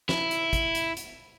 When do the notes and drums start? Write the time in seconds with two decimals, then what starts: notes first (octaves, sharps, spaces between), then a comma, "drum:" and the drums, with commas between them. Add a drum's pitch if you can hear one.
0.09 E4, drum: snare
0.31 drum: hi-hat
0.53 drum: kick, hi-hat
0.75 drum: hi-hat
0.97 drum: hi-hat